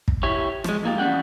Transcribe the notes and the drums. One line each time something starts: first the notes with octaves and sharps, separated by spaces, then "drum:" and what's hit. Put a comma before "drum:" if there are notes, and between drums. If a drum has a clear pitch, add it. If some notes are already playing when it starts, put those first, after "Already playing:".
drum: kick
E4 G4 C#5
F3 G#3, drum: rim click
G#2 F3 A#3 F4 G4
E2 G3 C#4 F#5 G5